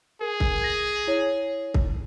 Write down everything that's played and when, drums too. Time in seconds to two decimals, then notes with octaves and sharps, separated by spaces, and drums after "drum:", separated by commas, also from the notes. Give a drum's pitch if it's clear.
0.21 G#4 A#4
0.40 drum: kick C2
0.61 G#6 A#6
1.07 E4 C#5
1.74 drum: kick C2